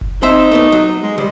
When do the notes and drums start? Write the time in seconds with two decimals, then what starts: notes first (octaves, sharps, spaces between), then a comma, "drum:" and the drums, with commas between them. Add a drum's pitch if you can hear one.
0.01 drum: kick F#1
0.23 C4 D#4 C5 E5
0.51 A3 B3 D5
0.72 F#3
1.03 G#3
1.18 C#2 G3